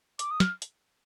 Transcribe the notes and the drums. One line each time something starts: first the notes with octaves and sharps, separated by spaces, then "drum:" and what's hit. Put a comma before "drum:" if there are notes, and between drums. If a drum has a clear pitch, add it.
D6, drum: hi-hat
D#6
F6, drum: snare
drum: hi-hat